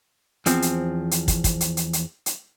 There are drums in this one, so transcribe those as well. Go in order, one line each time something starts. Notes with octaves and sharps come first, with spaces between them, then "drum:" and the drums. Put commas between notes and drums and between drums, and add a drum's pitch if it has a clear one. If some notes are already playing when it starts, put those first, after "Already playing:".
E2 F3 C4, drum: hi-hat
drum: hi-hat
drum: hi-hat
drum: kick, hi-hat
drum: kick, hi-hat
drum: hi-hat
drum: hi-hat
drum: hi-hat
drum: hi-hat